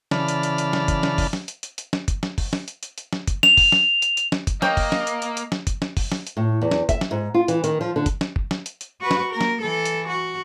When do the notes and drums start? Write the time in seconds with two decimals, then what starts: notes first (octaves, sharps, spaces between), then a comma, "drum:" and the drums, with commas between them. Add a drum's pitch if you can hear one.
0.11 C#3 E3 D5 A5 B5 F6, drum: snare
0.28 drum: hi-hat
0.43 drum: hi-hat
0.58 drum: hi-hat
0.73 drum: snare
0.88 drum: kick, hi-hat
1.03 drum: snare
1.18 drum: kick, open hi-hat
1.33 drum: snare
1.48 drum: hi-hat
1.63 drum: hi-hat
1.78 drum: hi-hat
1.93 drum: snare
2.08 drum: kick, hi-hat
2.23 drum: snare
2.38 drum: kick, open hi-hat
2.53 drum: snare
2.68 drum: hi-hat
2.83 drum: hi-hat
2.98 drum: hi-hat
3.13 drum: snare
3.28 drum: kick, hi-hat
3.43 F7, drum: snare
3.57 drum: kick, open hi-hat
3.72 drum: snare
4.02 drum: hi-hat
4.17 drum: hi-hat
4.32 drum: snare
4.47 drum: kick, hi-hat
4.62 A#3 C#5 D#5 G5, drum: snare
4.77 drum: kick, open hi-hat
4.92 drum: snare
5.07 drum: hi-hat
5.22 drum: hi-hat
5.37 drum: hi-hat
5.52 drum: snare
5.67 drum: kick, hi-hat
5.82 drum: snare
5.97 drum: kick, open hi-hat
6.12 drum: snare
6.27 drum: hi-hat
6.37 A2
6.61 E2
6.71 drum: snare
6.89 E5, drum: kick, hi-hat
7.01 drum: snare
7.11 G#2
7.34 F4
7.48 E3, drum: hi-hat
7.64 D#3, drum: hi-hat
7.81 F3
7.96 D3
8.06 drum: kick, hi-hat
8.21 drum: snare
8.36 drum: kick
8.51 drum: snare
8.66 drum: hi-hat
8.81 drum: hi-hat
9.01 F#4 B4
9.11 drum: snare
9.31 A#3 A#4
9.41 drum: snare
9.62 E3 A4
9.85 drum: hi-hat
10.08 F#4